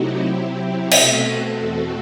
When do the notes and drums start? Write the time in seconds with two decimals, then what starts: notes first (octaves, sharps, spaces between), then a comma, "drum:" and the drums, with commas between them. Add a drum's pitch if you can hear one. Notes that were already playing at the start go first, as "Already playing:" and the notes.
Already playing: C3 F#3 A3 C4 D#4 E4 F#4 G4
0.24 C3 F#3 C4 E4 G4
0.91 B2 A3 C4 F#4 A4, drum: cymbal
1.59 E2 B2 A3 C4 F#4 A4